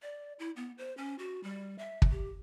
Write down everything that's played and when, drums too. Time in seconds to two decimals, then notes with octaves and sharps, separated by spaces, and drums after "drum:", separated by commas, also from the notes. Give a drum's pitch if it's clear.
0.02 D5
0.39 E4
0.56 B3
0.78 C5
0.97 C#4
1.19 F#4
1.44 G3
1.79 E5
2.02 drum: kick
2.11 G4